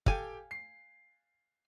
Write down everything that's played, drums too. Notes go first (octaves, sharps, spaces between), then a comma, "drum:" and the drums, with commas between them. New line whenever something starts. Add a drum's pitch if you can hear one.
G4 A4 F5 G5 G#5, drum: kick
C7